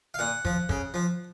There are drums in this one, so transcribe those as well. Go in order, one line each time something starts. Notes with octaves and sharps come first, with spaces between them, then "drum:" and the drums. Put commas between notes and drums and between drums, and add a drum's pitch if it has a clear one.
F5
A#2 F#5
F3, drum: kick
C#3, drum: kick
F3